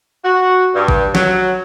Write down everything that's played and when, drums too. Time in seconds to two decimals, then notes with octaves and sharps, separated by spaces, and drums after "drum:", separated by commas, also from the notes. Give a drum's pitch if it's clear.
0.25 F#4
0.75 G2
0.88 drum: kick
1.15 F#3, drum: snare